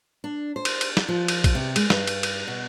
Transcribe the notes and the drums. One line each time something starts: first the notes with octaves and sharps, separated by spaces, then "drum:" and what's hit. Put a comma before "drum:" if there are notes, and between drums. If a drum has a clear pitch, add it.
D4
C5
drum: cymbal
drum: cymbal
drum: snare
F3
drum: cymbal
drum: kick, cymbal
C3
G#3, drum: cymbal
G2, drum: snare
drum: cymbal
drum: cymbal
B2